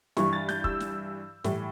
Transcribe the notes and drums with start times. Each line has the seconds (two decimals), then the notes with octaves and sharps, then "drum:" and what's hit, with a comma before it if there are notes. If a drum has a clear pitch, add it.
0.17 G2 E3 G3 C#6, drum: snare
0.33 A6
0.49 G6, drum: snare
0.64 E6, drum: kick
0.80 drum: snare
1.44 A2 E3 G3, drum: snare